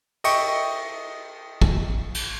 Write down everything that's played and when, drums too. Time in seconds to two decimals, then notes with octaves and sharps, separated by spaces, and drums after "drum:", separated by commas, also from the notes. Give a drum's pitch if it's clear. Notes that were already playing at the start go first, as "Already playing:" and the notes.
0.24 D#5 E5 G5 C#6 C#7, drum: cymbal
1.62 drum: kick
2.14 drum: cymbal